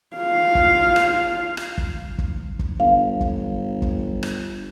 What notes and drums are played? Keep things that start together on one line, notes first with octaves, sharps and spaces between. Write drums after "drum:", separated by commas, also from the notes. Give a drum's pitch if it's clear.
F4 F5
drum: kick
drum: rim click
drum: rim click
drum: kick
drum: kick
drum: kick
G1 F5
drum: kick
drum: kick
drum: rim click